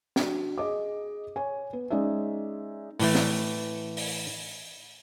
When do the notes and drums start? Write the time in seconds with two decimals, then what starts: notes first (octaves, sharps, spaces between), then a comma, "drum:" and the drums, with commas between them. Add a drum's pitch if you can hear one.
0.16 D4 F#4, drum: snare
0.58 G#4 D#5 D6
1.36 C#5 G#5
1.73 B3
1.90 G#3 C#4 D#4 D5 E5
3.00 A2 E3 A3, drum: open hi-hat
3.15 drum: snare
3.97 drum: open hi-hat